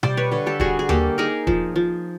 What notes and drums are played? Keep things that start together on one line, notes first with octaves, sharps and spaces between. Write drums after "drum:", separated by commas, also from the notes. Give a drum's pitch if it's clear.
G3 C5 D5, drum: tom B2
B4 C#5
D3 B4 C#5
G4 A4
G3 F#4 G#4, drum: kick
G#4
A#3 G4 A4, drum: tom D#2
D#4 G#4 A#4
F3, drum: kick
F3